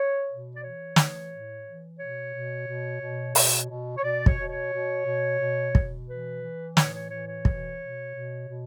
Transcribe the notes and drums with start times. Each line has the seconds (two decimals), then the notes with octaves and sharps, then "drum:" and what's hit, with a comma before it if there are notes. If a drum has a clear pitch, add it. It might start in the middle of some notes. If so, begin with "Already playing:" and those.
Already playing: C#5
0.28 B2
0.56 D5
0.62 E3 C#5
0.96 E3, drum: snare
1.30 A2
1.64 E3
1.99 B2 C#5
2.33 B2
2.67 B2
3.01 B2
3.35 B2, drum: open hi-hat
3.69 B2
3.97 C#5
4.03 B2 D5
4.26 C#5, drum: kick
4.38 B2
4.49 C#5
4.72 B2
5.06 B2
5.40 B2
5.75 B2, drum: kick
6.08 E3 B4
6.42 E3
6.77 A2 C#5, drum: snare
6.94 C#5
7.10 E3 C#5
7.28 C#5
7.45 B2, drum: kick
7.79 B2
8.13 B2
8.48 B2